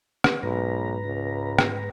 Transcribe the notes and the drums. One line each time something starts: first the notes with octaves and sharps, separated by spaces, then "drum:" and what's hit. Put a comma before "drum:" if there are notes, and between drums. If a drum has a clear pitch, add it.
drum: rim click
B1 G#2 B4 A#5
C#2
drum: rim click